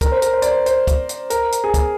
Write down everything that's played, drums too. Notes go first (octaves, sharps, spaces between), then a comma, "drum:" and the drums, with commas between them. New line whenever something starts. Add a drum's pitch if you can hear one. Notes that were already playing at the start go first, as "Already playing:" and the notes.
A#4, drum: kick, hi-hat
C5
A#4, drum: hi-hat
C5
D5, drum: hi-hat
C5
C5, drum: hi-hat
drum: kick, hi-hat
drum: hi-hat
A#4, drum: hi-hat
drum: hi-hat
G#4
drum: kick, hi-hat